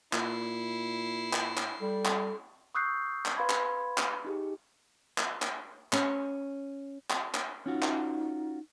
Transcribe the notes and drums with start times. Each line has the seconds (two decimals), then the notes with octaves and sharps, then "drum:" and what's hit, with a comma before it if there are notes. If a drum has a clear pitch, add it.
0.13 A#2 E4 C7, drum: clap
1.33 drum: clap
1.57 drum: clap
1.80 G3 A4
2.05 drum: clap
2.75 C#6 D#6 E6 F#6 G6 C7
3.26 drum: clap
3.37 B4 F5 B5 C6 G#6
3.50 drum: clap
3.98 drum: clap
4.25 D#4 G4 G#4
5.18 drum: clap
5.42 drum: clap
5.93 C#4, drum: clap
7.10 drum: clap
7.34 drum: clap
7.66 C#4 D#4 F4 F#4
7.82 drum: clap